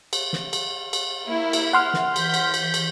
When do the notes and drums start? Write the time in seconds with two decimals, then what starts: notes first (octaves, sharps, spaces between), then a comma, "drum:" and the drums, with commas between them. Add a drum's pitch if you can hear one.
0.13 drum: cymbal
0.33 drum: snare
0.53 drum: cymbal
0.93 drum: cymbal
1.28 A#3 E4
1.53 drum: cymbal
1.73 F#5 C6 F6
1.94 drum: snare
2.16 E3 G6 B6, drum: cymbal
2.34 drum: cymbal
2.54 drum: cymbal
2.74 drum: cymbal